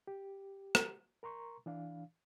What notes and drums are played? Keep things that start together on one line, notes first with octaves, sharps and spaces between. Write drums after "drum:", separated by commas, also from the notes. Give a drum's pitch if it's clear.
G4
drum: rim click
A#4 A#5 C6 C#6
E3 D4 F5